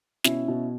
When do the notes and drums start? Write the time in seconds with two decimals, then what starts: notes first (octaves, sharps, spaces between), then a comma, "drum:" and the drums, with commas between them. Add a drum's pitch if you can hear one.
0.24 B2 C#4 E4, drum: snare
0.48 B2